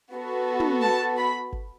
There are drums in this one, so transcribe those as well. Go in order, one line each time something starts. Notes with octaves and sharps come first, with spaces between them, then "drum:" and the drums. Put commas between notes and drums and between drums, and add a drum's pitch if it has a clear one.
B3 F#4 A4
drum: tom
A5
B5
drum: kick G1